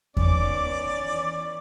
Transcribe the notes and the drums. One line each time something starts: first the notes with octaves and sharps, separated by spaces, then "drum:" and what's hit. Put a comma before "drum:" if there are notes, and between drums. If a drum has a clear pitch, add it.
D#3 B3 C#4 D5 D6, drum: kick E2
E3